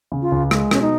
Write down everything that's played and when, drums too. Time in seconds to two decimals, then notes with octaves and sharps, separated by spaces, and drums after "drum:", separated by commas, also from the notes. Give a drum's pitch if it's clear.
0.12 C#3
0.22 F4
0.32 C#2
0.51 G#3, drum: rim click
0.71 B2 C#4, drum: rim click
0.82 D#4